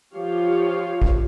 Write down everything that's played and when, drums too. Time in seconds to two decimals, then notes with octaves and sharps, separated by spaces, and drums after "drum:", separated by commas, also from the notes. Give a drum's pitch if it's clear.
0.15 F3 F4 G4 C#5 F5
1.02 drum: kick